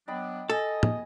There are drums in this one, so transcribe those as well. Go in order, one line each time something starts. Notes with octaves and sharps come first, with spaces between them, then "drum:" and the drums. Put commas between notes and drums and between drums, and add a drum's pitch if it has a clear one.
F#3 B3 D4 D#5 G5 B5
A4 D#5 G#5 A5
drum: tom